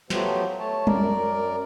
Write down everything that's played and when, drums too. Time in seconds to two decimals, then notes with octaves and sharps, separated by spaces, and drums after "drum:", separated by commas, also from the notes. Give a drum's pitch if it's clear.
0.10 F3 F#3 A3 B3 G4 C5, drum: snare
0.59 A3 C#5 A5
0.87 F#2 A#4 D5 A#5, drum: tom G3